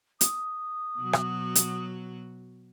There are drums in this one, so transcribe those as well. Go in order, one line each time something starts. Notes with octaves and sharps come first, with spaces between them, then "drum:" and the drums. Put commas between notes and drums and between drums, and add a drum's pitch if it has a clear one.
D#6, drum: hi-hat
B2 F#3 F#4
drum: rim click
drum: hi-hat